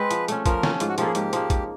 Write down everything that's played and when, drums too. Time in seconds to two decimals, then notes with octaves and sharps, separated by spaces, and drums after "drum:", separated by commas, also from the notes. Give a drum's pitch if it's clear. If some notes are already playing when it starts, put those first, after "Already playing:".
Already playing: G#3 C4 B4
0.11 F3, drum: hi-hat
0.28 A3 C#4, drum: hi-hat
0.46 F3 A#4, drum: kick, hi-hat
0.63 A3 C#4, drum: snare
0.80 G#2 F4, drum: hi-hat
0.89 F#4
0.98 F3 A#3 G4 A4, drum: hi-hat
1.06 G#4
1.15 G#2 G4, drum: hi-hat
1.33 F3 A#3, drum: hi-hat
1.50 G#2, drum: kick, hi-hat